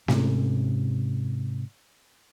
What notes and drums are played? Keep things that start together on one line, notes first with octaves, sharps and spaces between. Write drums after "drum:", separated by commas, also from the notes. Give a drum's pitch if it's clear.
G#2 C3 C#4, drum: snare